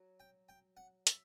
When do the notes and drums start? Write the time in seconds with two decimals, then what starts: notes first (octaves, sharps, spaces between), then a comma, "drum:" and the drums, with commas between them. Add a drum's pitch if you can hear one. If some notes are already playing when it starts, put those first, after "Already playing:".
Already playing: F#3
0.20 G5
0.49 G5
0.77 F#5
1.07 E5, drum: hi-hat